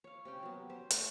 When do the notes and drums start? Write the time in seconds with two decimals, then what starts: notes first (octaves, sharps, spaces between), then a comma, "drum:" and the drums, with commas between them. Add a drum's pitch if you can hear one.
0.04 C#5 F5
0.25 C3 C#4 G5
0.43 F#3 B3
0.70 G4 C5
0.90 A3 D4 C#5, drum: hi-hat